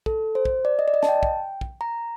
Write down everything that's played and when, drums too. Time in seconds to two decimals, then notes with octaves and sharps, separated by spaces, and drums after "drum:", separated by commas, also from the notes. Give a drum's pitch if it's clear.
0.06 A4, drum: kick
0.35 C5
0.45 drum: kick
0.65 D5
0.79 D#5
0.88 D5
0.94 D#5
1.03 A5, drum: snare
1.09 G5
1.23 drum: kick
1.61 drum: kick
1.81 A#5